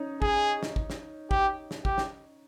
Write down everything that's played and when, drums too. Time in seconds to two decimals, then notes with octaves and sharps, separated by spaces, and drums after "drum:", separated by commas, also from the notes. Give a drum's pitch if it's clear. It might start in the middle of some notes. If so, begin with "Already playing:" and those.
Already playing: C#4 D#4
0.22 G#4, drum: kick
0.63 drum: snare
0.76 drum: kick
0.90 drum: snare
1.31 G4, drum: kick
1.71 drum: snare
1.85 G4, drum: kick
1.98 drum: snare